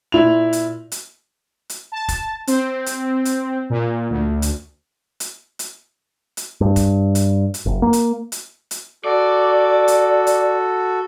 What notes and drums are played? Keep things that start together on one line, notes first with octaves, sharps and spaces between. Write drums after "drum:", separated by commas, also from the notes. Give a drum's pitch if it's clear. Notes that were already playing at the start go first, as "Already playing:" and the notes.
A#2 E4 F7
drum: hi-hat
drum: hi-hat
drum: hi-hat
A5
drum: kick F1, hi-hat
C4, drum: hi-hat
drum: hi-hat
drum: hi-hat
A#2
D2
drum: hi-hat
drum: hi-hat
drum: hi-hat
drum: hi-hat
G2
drum: kick F1, hi-hat
drum: hi-hat
drum: hi-hat
F#1
A#3
drum: hi-hat
drum: hi-hat
drum: hi-hat
F#4 A4 D5
drum: hi-hat
drum: hi-hat